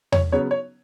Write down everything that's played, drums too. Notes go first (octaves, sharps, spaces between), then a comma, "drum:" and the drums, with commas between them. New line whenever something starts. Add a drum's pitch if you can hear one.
C#5, drum: tom E2
C#3 F#3 B3 C#5
C#5